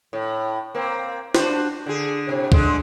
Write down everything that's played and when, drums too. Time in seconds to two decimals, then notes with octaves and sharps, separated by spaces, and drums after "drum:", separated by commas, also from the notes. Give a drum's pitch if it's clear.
0.13 A2
0.75 A#3 C4
1.35 D4 F#4 C5, drum: snare E4
1.86 D3 G#4
2.29 A2 C3
2.52 D3 G#3 D4, drum: kick